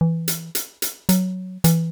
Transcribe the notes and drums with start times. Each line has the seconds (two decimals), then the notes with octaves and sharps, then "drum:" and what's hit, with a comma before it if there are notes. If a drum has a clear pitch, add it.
0.01 E3
0.28 drum: hi-hat
0.55 drum: hi-hat
0.82 drum: hi-hat
1.09 F#3, drum: hi-hat
1.64 E3, drum: hi-hat